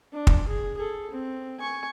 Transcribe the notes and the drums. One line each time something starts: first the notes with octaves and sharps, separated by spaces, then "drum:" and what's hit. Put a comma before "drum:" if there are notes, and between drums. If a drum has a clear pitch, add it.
D4
drum: kick
G#4
G#4 A4
C4
G#5 C#6